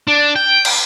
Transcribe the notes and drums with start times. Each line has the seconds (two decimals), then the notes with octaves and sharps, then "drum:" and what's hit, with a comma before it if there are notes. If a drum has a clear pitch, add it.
0.07 D4
0.36 G5
0.65 drum: cymbal